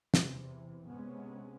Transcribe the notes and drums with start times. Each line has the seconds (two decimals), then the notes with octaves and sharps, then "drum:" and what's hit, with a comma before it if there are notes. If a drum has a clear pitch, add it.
0.14 E2 C3 E3, drum: snare
0.87 C3 G#3 B3 C#4